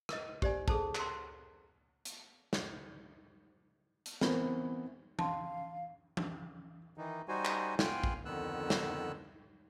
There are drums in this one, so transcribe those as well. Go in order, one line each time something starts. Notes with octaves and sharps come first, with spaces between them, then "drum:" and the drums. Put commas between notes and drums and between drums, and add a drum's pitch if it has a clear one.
A#4 D#5, drum: rim click
G4 C5 D5 G#5, drum: kick
G#4 A4 C5 A5, drum: kick
A#4 C6, drum: clap
drum: hi-hat
drum: snare
drum: hi-hat
E3 B3 C4 A#4, drum: snare
F5 A5 C6, drum: tom E3
drum: tom E3
D#3 E3 D#4
G3 D#4 F#4 C5 G#5
drum: clap
B3 F4 F5 G5 G#5 F#6, drum: snare
drum: kick
F2 D3 D#3 B3 E6 F#6
drum: snare